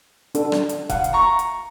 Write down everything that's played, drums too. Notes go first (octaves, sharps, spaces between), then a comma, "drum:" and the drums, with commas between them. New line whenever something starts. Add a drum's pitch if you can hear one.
D4 A4, drum: hi-hat
drum: rim click
drum: hi-hat
F5 F#5, drum: kick F1, hi-hat
drum: hi-hat
A#5 C#6
drum: hi-hat